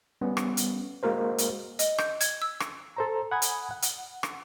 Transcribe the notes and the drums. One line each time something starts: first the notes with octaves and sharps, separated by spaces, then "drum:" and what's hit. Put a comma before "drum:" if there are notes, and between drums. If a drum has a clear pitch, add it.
G3 B3 C#4
drum: rim click
drum: hi-hat
G#3 A#3 F#4 A#4 C5
drum: hi-hat
D#5, drum: hi-hat
G6, drum: rim click
G#6, drum: hi-hat
E6
drum: rim click
A4 C5 A#5
F#5 G#5 B5 D#6 G#6
drum: hi-hat
F#5
drum: hi-hat
drum: rim click